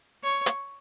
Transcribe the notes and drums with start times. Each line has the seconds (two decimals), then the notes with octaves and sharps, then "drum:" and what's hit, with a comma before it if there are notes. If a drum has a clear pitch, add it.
0.23 C#5
0.46 drum: hi-hat